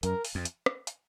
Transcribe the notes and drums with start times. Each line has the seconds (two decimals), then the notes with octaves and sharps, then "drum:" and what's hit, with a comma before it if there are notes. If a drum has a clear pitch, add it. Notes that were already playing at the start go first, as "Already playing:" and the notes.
0.03 F#2 A#4, drum: hi-hat
0.25 drum: open hi-hat
0.35 F2
0.45 drum: hi-hat
0.66 drum: rim click
0.87 drum: hi-hat